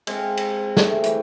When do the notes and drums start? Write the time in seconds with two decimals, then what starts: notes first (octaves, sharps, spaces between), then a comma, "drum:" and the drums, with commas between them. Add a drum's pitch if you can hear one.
0.07 G#3 C4 F5 G5, drum: cymbal
0.37 drum: cymbal
0.77 C3 A3 G#4, drum: snare
1.03 E3 G4, drum: hi-hat